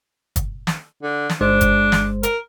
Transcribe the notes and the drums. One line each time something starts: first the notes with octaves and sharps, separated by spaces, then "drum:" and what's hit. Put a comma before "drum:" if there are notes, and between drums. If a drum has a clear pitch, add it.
drum: kick, hi-hat
drum: snare
D3
drum: snare
G1 G#3 D4 C5
drum: kick, hi-hat
drum: snare
A#4, drum: hi-hat